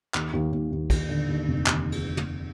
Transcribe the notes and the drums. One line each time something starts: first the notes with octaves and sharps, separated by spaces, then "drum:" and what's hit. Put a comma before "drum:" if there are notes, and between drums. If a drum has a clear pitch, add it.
D#2, drum: clap
D#2
D#2
D#2
D#2, drum: kick, cymbal
D3
D#2
F1
D#2, drum: clap
drum: cymbal
drum: tom